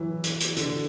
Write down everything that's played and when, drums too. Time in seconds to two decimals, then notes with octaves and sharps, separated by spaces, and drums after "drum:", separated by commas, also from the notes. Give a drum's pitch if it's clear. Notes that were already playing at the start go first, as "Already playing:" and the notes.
Already playing: E3 F#3
0.24 drum: hi-hat
0.40 drum: hi-hat
0.57 D3, drum: hi-hat